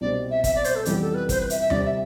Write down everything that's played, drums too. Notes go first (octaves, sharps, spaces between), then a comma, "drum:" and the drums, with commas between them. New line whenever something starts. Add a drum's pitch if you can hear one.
C2 B2 G3 C4 D5
E5
E5, drum: kick, hi-hat
D5
C5, drum: hi-hat
A4
F2 C3 E3 G3 B3 G4, drum: hi-hat
A4
B4
C5, drum: kick, hi-hat
B4
E5, drum: hi-hat
E5
C2 C3 G3 C4 D5, drum: tom D#2
E5